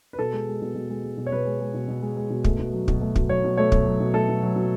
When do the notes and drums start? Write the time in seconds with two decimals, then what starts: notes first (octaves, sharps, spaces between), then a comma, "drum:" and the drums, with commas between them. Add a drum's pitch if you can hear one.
0.13 B4
0.19 B2 A4
0.33 G#3
0.48 G#3
0.62 B2
0.75 B2
0.90 G#3
1.04 G#3
1.17 B2
1.26 C#5
1.32 B2 B4
1.46 G#3
1.61 G#3
1.74 B2
1.88 B2
2.02 G#3
2.17 G#3
2.30 B2
2.44 A3, drum: kick
2.59 B2
2.74 F#3
2.88 B2, drum: kick
3.01 A3
3.16 B2, drum: kick
3.29 F#3 C#5
3.44 B2
3.57 A3 C#5
3.72 B2, drum: kick
3.86 F#3
4.00 B2
4.14 A3 A4
4.29 B2
4.43 F#3
4.56 B2